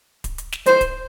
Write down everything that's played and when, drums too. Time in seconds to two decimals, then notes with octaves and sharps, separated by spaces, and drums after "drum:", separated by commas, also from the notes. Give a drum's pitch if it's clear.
0.24 drum: kick D1, hi-hat
0.38 drum: hi-hat
0.52 drum: snare
0.66 C5, drum: hi-hat
0.81 drum: kick D1, hi-hat